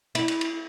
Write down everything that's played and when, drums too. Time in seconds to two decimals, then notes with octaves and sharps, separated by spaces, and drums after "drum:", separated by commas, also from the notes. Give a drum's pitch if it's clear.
0.15 E4, drum: cymbal
0.28 drum: cymbal
0.41 drum: cymbal